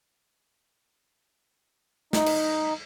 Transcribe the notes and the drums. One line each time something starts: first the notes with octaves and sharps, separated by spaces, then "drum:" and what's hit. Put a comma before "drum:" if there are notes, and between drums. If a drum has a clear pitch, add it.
D#4, drum: snare
drum: cymbal